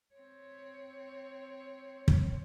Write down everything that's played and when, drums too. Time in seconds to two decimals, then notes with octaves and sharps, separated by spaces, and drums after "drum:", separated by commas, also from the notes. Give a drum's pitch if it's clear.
0.15 C4 C#5
2.08 drum: kick